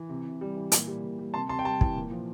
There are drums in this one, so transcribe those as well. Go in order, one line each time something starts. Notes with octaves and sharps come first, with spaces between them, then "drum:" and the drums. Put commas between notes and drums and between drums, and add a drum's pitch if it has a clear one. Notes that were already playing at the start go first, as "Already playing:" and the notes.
Already playing: E3
C3
C3
G3
E3
A#2, drum: hi-hat
G3
A#2
G3
C3 A5 C6
C3 A5 C6
G5
G3 A5
E3, drum: kick
A#2
F3